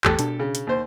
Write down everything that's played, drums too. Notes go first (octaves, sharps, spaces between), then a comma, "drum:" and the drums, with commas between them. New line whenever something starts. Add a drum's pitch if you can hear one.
A1 E2 A2 G4 A4, drum: clap
B2 D4, drum: hi-hat
C#3
drum: hi-hat
D#2 C5